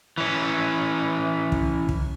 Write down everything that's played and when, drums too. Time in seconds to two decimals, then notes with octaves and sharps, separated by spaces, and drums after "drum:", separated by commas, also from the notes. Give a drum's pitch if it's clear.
0.18 E3 C#4
1.52 drum: kick
1.89 drum: kick